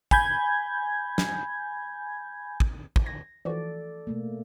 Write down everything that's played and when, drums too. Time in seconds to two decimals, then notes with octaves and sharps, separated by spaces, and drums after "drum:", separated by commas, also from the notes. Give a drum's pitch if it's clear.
0.11 G#5 B5 G6 G#6, drum: kick
1.18 drum: snare
2.60 drum: kick
2.96 drum: kick
3.06 G#6 A#6
3.45 E3 F3 F#4 A4 D5
4.07 B2 A3 A#3